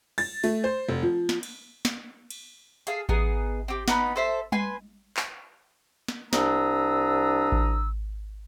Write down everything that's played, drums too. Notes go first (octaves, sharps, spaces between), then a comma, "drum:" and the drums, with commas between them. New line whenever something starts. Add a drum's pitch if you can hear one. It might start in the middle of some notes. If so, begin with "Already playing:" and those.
A6, drum: cymbal
A3, drum: open hi-hat
C5
F1
F3
drum: snare
drum: cymbal
drum: snare
drum: cymbal
G#4 A4 F5, drum: hi-hat
B3 D#4 G#4, drum: kick A1
C4 G4
B3 D#4 B5, drum: snare
A4 C5 E5
B4 G#5 C6, drum: tom G3
drum: clap
drum: snare
C2 D4 A#5 D#6 E6, drum: snare
drum: kick A1